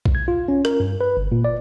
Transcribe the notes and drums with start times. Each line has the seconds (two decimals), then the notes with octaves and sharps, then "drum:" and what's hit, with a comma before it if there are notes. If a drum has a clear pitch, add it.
0.05 drum: kick B1
0.15 G#6
0.28 F4
0.48 C#4
0.65 A#4, drum: rim click
0.80 G2
1.01 B4
1.17 G1
1.32 A#2
1.45 D5